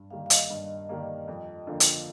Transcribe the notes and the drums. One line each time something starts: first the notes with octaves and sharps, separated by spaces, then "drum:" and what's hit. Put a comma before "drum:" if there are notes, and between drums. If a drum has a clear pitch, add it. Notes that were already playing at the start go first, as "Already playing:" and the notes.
Already playing: G2
D#3 G3 A#3 F5
F5
D#5, drum: hi-hat
G2
D#3 G3 A#3
F2
D3 F3 A#3
drum: hi-hat